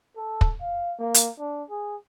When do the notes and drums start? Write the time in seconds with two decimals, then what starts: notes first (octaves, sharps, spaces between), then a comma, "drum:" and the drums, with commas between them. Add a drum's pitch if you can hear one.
0.17 A4
0.41 drum: kick
0.61 F5
0.99 A#3
1.14 drum: hi-hat
1.39 D4
1.70 G#4